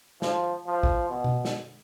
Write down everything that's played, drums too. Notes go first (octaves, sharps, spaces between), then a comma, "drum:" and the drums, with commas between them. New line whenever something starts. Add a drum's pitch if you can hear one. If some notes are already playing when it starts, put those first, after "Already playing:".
F3, drum: snare
F3
drum: kick
B2
drum: tom B2
drum: snare